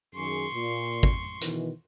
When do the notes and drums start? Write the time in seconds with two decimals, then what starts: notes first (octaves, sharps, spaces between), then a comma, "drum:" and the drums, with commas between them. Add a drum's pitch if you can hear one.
0.15 F#2 D#3 G#4 C6 C#6
0.53 A#2
1.03 drum: kick
1.41 B2 D#3 E3, drum: hi-hat